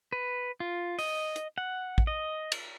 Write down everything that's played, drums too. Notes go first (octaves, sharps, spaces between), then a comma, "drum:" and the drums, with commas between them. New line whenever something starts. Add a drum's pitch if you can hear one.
B4
F4
D#5, drum: open hi-hat
drum: hi-hat
F#5
drum: kick
D#5
drum: cymbal